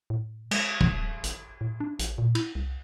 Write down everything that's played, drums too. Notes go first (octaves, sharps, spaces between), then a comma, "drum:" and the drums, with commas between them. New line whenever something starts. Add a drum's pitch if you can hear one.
A2
G#3, drum: cymbal
drum: kick
D1
G#1, drum: hi-hat
A2
D4
A1, drum: hi-hat
A#2
E4, drum: cymbal
C2